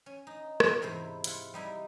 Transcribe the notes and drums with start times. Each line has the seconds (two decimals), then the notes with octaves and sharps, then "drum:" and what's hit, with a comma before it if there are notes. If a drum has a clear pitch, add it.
0.06 C#4
0.27 D#4
0.60 drum: rim click
0.82 E2 G#2 C3 E4 C5 A#5
1.24 E4 F4 F#5, drum: hi-hat
1.54 G3 D#4 E4